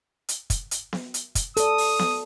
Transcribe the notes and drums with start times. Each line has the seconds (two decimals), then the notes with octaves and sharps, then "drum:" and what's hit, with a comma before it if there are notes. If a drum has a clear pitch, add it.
0.29 drum: hi-hat
0.50 drum: kick, hi-hat
0.71 drum: hi-hat
0.93 drum: snare B3
1.14 drum: hi-hat
1.35 drum: kick, hi-hat
1.57 A4 D5 D#6, drum: hi-hat
1.78 drum: open hi-hat
1.99 drum: snare B3